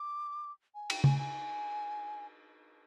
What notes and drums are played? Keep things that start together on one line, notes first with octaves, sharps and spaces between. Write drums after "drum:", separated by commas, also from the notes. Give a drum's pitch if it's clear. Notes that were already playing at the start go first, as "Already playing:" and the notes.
Already playing: D6
G#5
G5, drum: cymbal
G#5, drum: tom C#3
G#5